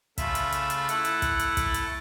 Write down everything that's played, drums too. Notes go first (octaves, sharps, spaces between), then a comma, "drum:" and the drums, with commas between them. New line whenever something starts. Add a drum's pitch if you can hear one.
C#3 A3 F4 E5 B5 E6, drum: kick, hi-hat
drum: hi-hat
drum: hi-hat
drum: hi-hat
A3 E4 A4 F#5, drum: hi-hat
drum: hi-hat
drum: kick, hi-hat
drum: hi-hat
drum: kick, hi-hat
drum: hi-hat